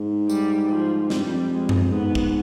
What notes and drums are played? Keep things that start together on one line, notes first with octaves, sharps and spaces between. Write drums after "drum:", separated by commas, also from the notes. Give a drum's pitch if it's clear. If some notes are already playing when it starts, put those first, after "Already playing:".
Already playing: G#2
G3, drum: tambourine
F3
F2 G3, drum: snare
G2
F2
G#3
drum: tom F#2
G#2 B3
drum: kick